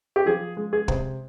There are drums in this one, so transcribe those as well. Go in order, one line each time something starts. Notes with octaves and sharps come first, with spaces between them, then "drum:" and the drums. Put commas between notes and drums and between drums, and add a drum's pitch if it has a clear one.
G4
F3 G#4
G#3
G#4
C3, drum: kick